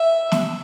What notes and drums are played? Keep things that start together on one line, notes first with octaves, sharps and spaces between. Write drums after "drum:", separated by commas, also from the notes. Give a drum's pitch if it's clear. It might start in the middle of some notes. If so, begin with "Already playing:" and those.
Already playing: E5
drum: snare